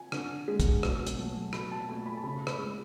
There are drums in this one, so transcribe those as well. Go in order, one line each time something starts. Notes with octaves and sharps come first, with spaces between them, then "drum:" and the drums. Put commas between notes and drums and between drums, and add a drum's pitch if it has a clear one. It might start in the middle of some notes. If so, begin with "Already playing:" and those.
Already playing: G#5
D3, drum: rim click
G#3
drum: kick, hi-hat
B2, drum: rim click
drum: hi-hat
F#3 A3
B2 B5, drum: rim click
A5
A3 G#5
B5
A5
C#3 B5
B5, drum: rim click
G#3